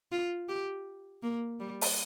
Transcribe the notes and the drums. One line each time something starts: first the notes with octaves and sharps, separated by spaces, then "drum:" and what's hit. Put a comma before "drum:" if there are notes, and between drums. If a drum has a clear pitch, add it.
F4
G4
A#3
G3
drum: open hi-hat